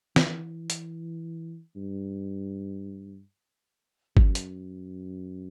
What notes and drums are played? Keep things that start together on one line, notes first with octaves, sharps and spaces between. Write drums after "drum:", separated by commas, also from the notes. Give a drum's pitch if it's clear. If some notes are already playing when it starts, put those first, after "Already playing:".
E3, drum: snare
drum: hi-hat
G2
F#2, drum: kick G1
drum: hi-hat